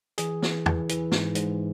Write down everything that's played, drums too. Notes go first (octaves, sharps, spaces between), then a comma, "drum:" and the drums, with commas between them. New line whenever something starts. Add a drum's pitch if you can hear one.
E3 G#4, drum: hi-hat
E3, drum: snare
E3, drum: tom
E3, drum: hi-hat
G#2, drum: snare
G#2, drum: hi-hat